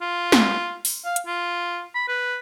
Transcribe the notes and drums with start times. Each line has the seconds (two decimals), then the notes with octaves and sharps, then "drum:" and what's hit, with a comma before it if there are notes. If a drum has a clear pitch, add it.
0.01 F4
0.32 drum: snare
0.85 drum: open hi-hat
1.05 F5
1.16 drum: hi-hat
1.26 F4
1.95 B5
2.08 B4